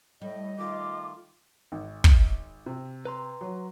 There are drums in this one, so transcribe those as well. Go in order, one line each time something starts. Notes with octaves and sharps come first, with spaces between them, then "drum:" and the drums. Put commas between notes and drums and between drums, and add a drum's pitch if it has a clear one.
A2 G3 D#5
D#3 A3 F4 D6
G#1
drum: kick
C3
B4 A#5 C6
F#3